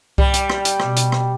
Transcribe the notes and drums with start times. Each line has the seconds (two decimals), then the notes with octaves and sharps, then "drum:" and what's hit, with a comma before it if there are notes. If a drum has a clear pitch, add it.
0.18 G3, drum: kick C2
0.34 drum: hi-hat
0.50 drum: rim click
0.65 drum: hi-hat
0.80 B2, drum: rim click
0.97 drum: hi-hat
1.12 drum: rim click